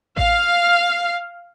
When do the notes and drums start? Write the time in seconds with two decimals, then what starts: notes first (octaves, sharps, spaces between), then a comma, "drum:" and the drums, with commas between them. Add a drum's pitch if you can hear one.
0.17 F5, drum: kick A1